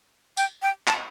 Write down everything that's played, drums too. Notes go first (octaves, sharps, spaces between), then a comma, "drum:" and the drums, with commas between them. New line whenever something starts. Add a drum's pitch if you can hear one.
G5, drum: tambourine
G5
A5, drum: clap